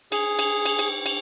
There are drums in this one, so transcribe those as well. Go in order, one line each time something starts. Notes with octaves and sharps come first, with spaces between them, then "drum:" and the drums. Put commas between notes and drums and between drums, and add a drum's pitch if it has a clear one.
G#4, drum: cymbal
drum: cymbal
drum: cymbal
drum: cymbal
drum: cymbal